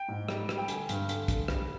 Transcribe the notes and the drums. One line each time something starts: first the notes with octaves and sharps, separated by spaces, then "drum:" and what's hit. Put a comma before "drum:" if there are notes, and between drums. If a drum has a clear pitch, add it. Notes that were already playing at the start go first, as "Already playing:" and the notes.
Already playing: G5
G#2
G3, drum: rim click
G3, drum: rim click
G5
D3 G#5, drum: hi-hat
G2, drum: hi-hat
D3, drum: hi-hat
D3, drum: kick, hi-hat
G3, drum: rim click